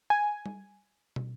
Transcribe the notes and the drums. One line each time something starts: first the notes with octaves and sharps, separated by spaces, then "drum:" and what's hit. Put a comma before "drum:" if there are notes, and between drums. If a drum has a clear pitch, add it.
G#5
drum: tom G3
drum: tom